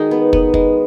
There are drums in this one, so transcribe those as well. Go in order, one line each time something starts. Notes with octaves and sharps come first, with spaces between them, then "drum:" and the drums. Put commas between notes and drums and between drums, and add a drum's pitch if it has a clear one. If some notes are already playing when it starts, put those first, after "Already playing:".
Already playing: D#3 G#3 D#4 F#4 G#4
B3
B3, drum: kick
G#3, drum: kick